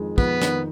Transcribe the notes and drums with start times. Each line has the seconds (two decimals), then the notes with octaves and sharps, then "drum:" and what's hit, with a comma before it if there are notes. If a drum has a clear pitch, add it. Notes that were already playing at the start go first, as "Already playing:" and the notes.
Already playing: F2 D#3 G#3
0.18 F2 B3, drum: kick
0.41 D#3, drum: snare